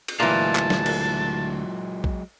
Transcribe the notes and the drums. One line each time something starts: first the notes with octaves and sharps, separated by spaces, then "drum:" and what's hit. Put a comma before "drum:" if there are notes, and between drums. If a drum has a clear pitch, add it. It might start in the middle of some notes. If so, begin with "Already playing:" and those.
drum: cymbal
D2 A#2 E3 F#3 G#3 F5 A5
drum: clap
drum: snare
drum: cymbal
drum: kick A#1